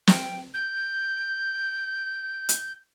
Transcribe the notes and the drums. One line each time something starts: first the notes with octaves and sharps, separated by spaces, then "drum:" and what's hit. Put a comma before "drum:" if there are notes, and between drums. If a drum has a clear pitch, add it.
G5, drum: snare
G6
drum: hi-hat